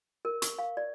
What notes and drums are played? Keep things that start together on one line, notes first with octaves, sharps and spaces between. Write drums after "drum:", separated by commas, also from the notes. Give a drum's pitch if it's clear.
A#4
C#6, drum: hi-hat
F5
D5